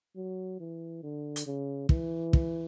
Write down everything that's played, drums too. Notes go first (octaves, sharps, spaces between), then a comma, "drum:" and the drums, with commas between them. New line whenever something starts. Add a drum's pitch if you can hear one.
F#3
E3
D3
drum: hi-hat
C#3
E3, drum: kick
drum: kick